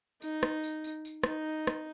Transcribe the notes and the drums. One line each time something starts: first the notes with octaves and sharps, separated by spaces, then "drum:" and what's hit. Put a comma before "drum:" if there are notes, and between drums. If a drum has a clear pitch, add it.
D#4, drum: tambourine
drum: rim click
drum: tambourine
drum: tambourine
drum: tambourine
D#4, drum: rim click
drum: rim click